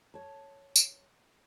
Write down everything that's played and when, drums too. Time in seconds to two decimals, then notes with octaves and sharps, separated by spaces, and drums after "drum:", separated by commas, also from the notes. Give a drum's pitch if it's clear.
0.14 C#5 A5
0.76 drum: tambourine